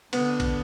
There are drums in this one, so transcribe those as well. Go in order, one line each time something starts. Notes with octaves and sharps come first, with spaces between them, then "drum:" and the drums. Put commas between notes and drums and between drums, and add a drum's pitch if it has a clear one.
D3 B3, drum: cymbal
drum: kick A#1, cymbal